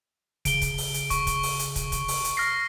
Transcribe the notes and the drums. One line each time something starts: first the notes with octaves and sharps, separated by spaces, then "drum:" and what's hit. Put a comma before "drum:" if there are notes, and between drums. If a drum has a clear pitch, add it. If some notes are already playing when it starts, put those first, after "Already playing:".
C#3 D7 G7, drum: kick, hi-hat
drum: kick, hi-hat
drum: open hi-hat
drum: hi-hat
C#6, drum: kick, hi-hat
drum: kick, hi-hat
drum: open hi-hat
drum: hi-hat
drum: kick, hi-hat
drum: kick, hi-hat
drum: open hi-hat
drum: hi-hat
F6 A#6 C7